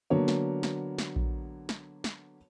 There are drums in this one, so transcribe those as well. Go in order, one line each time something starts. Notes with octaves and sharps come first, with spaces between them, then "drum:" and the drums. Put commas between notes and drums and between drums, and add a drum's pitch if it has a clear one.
D3 F#3 A#3 B3 C#5
drum: snare
drum: snare
drum: snare
drum: kick A#1
drum: snare
drum: snare